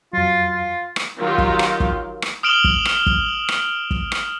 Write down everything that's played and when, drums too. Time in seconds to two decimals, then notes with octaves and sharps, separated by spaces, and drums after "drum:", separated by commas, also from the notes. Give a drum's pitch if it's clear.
0.13 F2 F#3 F4
0.50 F4
0.96 drum: rim click
1.18 D#3 F#3 F4 G4
1.38 drum: kick
1.59 drum: rim click
1.80 drum: kick
2.22 drum: rim click
2.43 D#6 F6 D7 E7 F#7 G7
2.64 drum: kick
2.85 drum: rim click
3.06 drum: kick
3.49 drum: rim click
3.91 drum: kick
4.12 drum: rim click